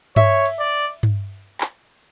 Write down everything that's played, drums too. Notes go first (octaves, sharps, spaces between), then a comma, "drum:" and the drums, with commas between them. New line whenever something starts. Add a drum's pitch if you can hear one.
C#5 E5, drum: tom G2
drum: cymbal
D5
drum: tom G2
drum: clap